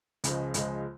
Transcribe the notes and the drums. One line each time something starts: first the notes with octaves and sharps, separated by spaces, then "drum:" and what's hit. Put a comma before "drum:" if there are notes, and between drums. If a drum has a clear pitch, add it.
C#2 C#3 F3 G#3, drum: hi-hat
C#2 C#3 F3 G#3, drum: hi-hat